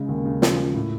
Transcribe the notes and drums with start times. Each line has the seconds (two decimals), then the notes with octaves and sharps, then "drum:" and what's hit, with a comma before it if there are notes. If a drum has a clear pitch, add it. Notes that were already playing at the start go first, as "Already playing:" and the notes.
Already playing: C#3 G#3
0.08 D#2
0.25 C#3
0.42 F3, drum: snare
0.58 F3
0.74 A2